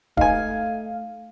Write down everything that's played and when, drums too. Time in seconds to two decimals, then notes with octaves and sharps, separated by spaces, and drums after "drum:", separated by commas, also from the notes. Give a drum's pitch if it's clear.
0.17 A3 D#4 F5 G#5, drum: kick D1